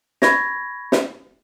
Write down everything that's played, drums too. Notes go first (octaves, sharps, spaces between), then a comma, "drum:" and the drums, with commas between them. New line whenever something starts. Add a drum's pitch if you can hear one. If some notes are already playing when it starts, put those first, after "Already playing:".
B5 C#6 G#6 A#6, drum: snare
drum: snare